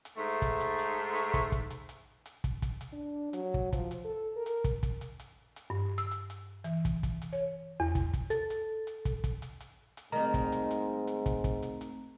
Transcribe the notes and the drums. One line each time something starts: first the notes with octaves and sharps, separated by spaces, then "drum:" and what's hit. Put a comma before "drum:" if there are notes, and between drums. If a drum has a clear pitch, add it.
drum: hi-hat
G#2 A3
drum: kick, hi-hat
drum: hi-hat
drum: hi-hat
drum: hi-hat
drum: kick, hi-hat
drum: kick, hi-hat
drum: hi-hat
drum: hi-hat
drum: hi-hat
drum: kick, hi-hat
drum: kick, hi-hat
drum: hi-hat
D4
F#3, drum: hi-hat
drum: kick
F3, drum: kick, hi-hat
drum: hi-hat
A4
A#4
drum: hi-hat
drum: kick, hi-hat
drum: kick, hi-hat
drum: hi-hat
drum: hi-hat
drum: hi-hat
G2
E6
drum: hi-hat
drum: hi-hat
E3, drum: hi-hat
drum: kick, hi-hat
drum: kick, hi-hat
drum: hi-hat
C#5
E2
drum: kick, hi-hat
drum: kick, hi-hat
A4, drum: hi-hat
drum: hi-hat
drum: hi-hat
drum: kick, hi-hat
drum: kick, hi-hat
drum: hi-hat
drum: hi-hat
drum: hi-hat
G#2 D#3 G3 A3 C4 A#5
drum: kick, hi-hat
drum: hi-hat
drum: hi-hat
drum: hi-hat
drum: kick, hi-hat
drum: kick, hi-hat
drum: hi-hat
drum: hi-hat